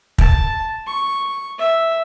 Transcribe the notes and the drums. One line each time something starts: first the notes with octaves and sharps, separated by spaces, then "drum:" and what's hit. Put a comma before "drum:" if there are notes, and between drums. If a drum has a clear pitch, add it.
A5, drum: kick
C#6
E5